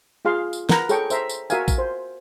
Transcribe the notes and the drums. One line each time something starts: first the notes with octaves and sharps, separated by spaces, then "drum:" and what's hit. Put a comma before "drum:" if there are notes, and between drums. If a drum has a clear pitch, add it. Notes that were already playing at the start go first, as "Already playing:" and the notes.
F4 G#4 F5 C6
drum: tambourine
A#4 B4 F#5 A#5, drum: snare
G#4 A4 C#5 G5 C#6, drum: tambourine
C5 E5 A#5 C6, drum: tambourine
drum: tambourine
F#4 A#4 E5 F5 G#5, drum: tambourine
drum: kick, tambourine
C5